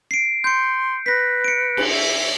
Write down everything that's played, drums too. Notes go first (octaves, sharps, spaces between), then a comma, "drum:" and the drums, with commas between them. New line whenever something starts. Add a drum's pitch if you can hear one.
C7 D7
C6 G6 C#7
B4 A#6 B6
C#7 D7
drum: cymbal
E5